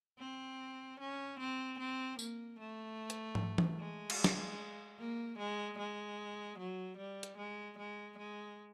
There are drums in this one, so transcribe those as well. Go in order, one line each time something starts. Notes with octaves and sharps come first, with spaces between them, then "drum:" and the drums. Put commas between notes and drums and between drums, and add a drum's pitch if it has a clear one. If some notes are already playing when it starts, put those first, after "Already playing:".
C4
C#4
C4
C4
A#3, drum: tambourine
A3
drum: hi-hat
drum: tom G#2
drum: tom E3
G#3
drum: cymbal
drum: snare
A#3
G#3
G#3
F#3
G3
drum: hi-hat
G#3
G#3
G#3